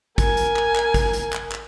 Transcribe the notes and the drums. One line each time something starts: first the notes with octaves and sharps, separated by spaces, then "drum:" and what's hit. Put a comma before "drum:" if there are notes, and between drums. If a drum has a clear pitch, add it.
A#4 G#5, drum: kick, hi-hat
drum: hi-hat
drum: clap
drum: clap
drum: kick, hi-hat
drum: hi-hat
drum: clap
drum: clap